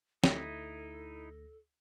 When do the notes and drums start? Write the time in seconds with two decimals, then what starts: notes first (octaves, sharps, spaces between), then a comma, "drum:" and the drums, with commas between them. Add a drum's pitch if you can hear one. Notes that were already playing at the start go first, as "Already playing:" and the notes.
0.24 D2 D#4 E4 A4 A#6, drum: snare